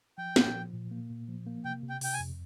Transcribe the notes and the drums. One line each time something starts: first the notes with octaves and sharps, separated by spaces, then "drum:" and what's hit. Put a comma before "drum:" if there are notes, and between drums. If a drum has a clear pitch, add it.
F3 G5
A#2, drum: snare
F3
A#2
A#3
A#2
F3
A#3
C3 G5
C3
G5
C3 G5, drum: open hi-hat
G#5
F2